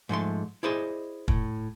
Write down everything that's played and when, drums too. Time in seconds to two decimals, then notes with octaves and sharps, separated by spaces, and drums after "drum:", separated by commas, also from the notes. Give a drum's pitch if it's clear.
0.09 G#2 F3 A3 C6
0.63 E4 G#4 C5 D5 D#5
1.28 A2, drum: kick